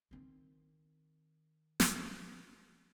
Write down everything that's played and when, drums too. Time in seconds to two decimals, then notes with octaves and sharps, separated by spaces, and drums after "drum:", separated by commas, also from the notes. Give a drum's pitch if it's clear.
0.11 D#3 C4
1.80 drum: snare